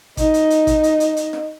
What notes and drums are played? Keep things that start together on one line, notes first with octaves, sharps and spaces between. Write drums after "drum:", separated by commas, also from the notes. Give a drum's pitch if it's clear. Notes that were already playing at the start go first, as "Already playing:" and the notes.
D#4 D#5, drum: kick, hi-hat
drum: hi-hat
drum: hi-hat
drum: kick, hi-hat
drum: hi-hat
drum: hi-hat
drum: hi-hat
drum: snare